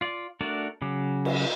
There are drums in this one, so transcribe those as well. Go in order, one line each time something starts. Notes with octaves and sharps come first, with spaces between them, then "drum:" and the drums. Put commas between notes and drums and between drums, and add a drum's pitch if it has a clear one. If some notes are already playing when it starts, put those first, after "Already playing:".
F4 D5
A3 D4 F#4 A#4 D5
C#3 F#3 D6
drum: cymbal